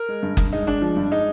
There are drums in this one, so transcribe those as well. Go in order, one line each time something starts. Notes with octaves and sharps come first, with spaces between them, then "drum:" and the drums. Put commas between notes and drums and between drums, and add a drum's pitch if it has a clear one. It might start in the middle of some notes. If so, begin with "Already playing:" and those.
Already playing: A#4
G#3
G2
G2, drum: kick F#1
G#3 D#4
G#3 D4
F3
G2
G#3 D#4